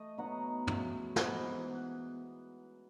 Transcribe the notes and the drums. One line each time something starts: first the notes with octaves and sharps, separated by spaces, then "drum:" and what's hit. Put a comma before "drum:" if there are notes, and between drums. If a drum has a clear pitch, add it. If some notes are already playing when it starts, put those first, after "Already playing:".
Already playing: A3 D#5
B2 F#3 B3 D#4 F#5
C#3 F#3 B3 E4, drum: tom
G#2 E3 B3 F#5, drum: snare